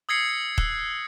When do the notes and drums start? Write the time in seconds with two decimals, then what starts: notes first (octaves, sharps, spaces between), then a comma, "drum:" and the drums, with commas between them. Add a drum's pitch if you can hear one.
0.09 D#6 E6 G#6 A#6 C7 C#7
0.58 E6 F#6, drum: kick